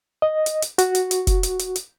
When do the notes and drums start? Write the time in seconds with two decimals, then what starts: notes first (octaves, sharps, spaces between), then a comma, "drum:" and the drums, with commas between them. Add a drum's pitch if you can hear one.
0.22 D#5
0.46 drum: hi-hat
0.62 drum: hi-hat
0.78 F#4, drum: hi-hat
0.95 drum: hi-hat
1.11 drum: hi-hat
1.27 drum: kick, hi-hat
1.43 drum: hi-hat
1.59 drum: hi-hat
1.76 drum: hi-hat